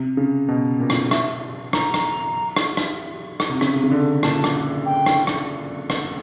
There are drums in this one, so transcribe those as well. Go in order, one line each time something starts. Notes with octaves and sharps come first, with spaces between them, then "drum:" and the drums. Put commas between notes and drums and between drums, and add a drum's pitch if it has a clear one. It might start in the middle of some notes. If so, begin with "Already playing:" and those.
Already playing: C3
C#3
B2
A#2
drum: rim click
E5, drum: rim click
A#5, drum: rim click
drum: rim click
drum: rim click
drum: rim click
drum: rim click
C3
C#3, drum: rim click
C3
C#3
D3
A#2 A5, drum: rim click
drum: rim click
G5
drum: rim click
drum: rim click
drum: rim click